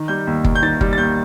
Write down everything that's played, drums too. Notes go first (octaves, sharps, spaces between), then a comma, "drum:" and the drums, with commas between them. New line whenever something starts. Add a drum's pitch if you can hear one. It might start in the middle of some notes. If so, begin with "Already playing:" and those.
Already playing: D#3
G3 G6
D#2
D#2, drum: kick
G6
D#3 A6
G3, drum: kick
A6
D#2 G6